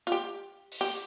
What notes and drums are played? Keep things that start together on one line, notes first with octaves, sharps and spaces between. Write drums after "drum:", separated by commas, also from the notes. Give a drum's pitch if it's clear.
F4
G4
drum: open hi-hat
G4